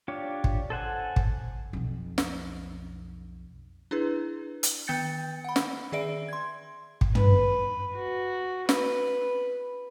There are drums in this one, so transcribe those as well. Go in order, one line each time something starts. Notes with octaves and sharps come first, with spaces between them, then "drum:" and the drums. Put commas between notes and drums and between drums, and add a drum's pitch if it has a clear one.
D4 F4 G4 C#5
drum: kick
A4 C5 F#5 G#5
drum: kick
B1 F2
drum: snare
D4 E4 G#4 B4
drum: hi-hat
D#3 B3 G5 G6 A6 C#7
F#5 B5
drum: snare
D#3 G#4 D5 E5 D7
C6 G#6
drum: kick
B4, drum: tom
F#4
B4, drum: snare